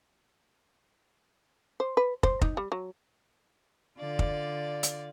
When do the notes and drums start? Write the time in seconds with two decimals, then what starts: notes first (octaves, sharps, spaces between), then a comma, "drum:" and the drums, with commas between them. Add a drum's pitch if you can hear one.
1.80 C5
1.97 B4
2.23 C5, drum: kick
2.41 D#4, drum: kick
2.57 G3
2.72 F#3
3.99 D3 F4 D5
4.19 drum: kick
4.83 drum: hi-hat